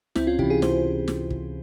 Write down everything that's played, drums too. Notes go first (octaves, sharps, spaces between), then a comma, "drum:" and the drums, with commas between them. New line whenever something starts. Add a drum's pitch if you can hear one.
C#2 C4 E4, drum: snare
C#4 F4
C3 E3 E4 G4, drum: kick
F4 G#4
C#2 G#4 C5, drum: snare
drum: snare
drum: kick